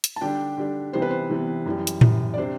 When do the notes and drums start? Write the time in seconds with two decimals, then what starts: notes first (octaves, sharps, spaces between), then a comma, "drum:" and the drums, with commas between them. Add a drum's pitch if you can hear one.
0.04 drum: hi-hat
0.16 A5
0.21 D3 G3 D4 G4 G5
0.58 D3 G3 D4
0.93 C3 E3 G3 B3 C5
1.02 B4
1.11 C5
1.30 C3 E3 G3 B3
1.66 F#2 E3 G3
1.87 drum: hi-hat
2.01 F#2 E3 G3, drum: tom A2
2.34 D5
2.37 C3 G3 D4 C5